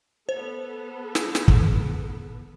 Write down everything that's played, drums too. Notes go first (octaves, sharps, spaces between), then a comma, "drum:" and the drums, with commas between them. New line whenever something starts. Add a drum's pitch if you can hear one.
B3 A4 C5
drum: snare
drum: snare
drum: kick